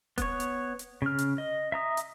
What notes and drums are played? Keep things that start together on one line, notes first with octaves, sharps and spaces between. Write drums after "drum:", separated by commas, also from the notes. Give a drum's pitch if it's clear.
B3 C#5, drum: kick D#1, hi-hat
drum: hi-hat
drum: hi-hat
C#3 F6
drum: hi-hat
D#5
E5 A#5 D#6
drum: hi-hat